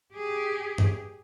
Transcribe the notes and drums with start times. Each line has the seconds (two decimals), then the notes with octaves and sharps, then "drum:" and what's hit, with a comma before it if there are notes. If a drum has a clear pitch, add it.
0.14 G4 G#4
0.78 drum: tom